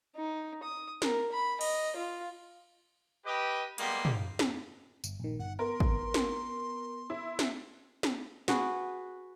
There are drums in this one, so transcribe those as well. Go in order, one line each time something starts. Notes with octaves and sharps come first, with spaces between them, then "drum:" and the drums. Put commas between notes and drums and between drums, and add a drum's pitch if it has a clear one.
D#4
D#6
A#4, drum: snare
B5
D#5, drum: cymbal
F4
G4 B4 D#5
G3 G#3 A#3 B3 G4 C6, drum: cymbal
drum: tom
drum: snare
G1, drum: tambourine
A#1 D#3
G1 F#5
B3 A#4 C6
drum: kick
drum: snare
E4
drum: snare
drum: snare
F#4 G#4 B4, drum: snare